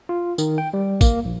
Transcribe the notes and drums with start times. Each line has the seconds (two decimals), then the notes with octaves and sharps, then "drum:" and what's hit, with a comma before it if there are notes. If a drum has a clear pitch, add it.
0.09 F4
0.38 D#3, drum: tambourine
0.58 G5
0.73 G3
1.01 A#3, drum: kick A1, tambourine
1.25 A#1